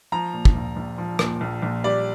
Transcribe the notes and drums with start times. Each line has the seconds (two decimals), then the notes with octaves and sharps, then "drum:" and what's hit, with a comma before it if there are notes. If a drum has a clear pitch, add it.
0.12 F3 A#5
0.34 A#2
0.45 drum: kick
0.55 A#1
0.76 A#1
0.98 F3
1.19 A#2, drum: rim click
1.41 A#1
1.62 A#1
1.84 G3 D5